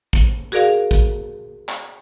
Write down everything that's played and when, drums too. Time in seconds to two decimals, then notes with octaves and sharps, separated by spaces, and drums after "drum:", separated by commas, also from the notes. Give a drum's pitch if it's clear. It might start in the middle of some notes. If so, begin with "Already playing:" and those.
0.13 drum: kick, hi-hat
0.52 F#4 G#4 A#4 D5 F5, drum: hi-hat
0.91 drum: kick, hi-hat
1.69 drum: clap